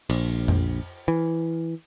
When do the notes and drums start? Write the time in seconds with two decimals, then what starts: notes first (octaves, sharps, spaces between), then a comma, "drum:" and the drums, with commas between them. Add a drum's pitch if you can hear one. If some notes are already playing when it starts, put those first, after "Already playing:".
0.10 A#1, drum: cymbal
0.48 drum: tom F2
1.08 E3